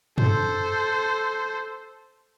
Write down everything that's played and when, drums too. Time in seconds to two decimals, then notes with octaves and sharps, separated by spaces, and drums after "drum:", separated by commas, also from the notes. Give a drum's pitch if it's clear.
0.18 A4 C5, drum: tom